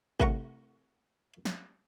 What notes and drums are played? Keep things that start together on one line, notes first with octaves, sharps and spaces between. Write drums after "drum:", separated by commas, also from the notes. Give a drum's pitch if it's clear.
C2 A2 A#4 F#5 A#5 C#6, drum: kick G#1
drum: snare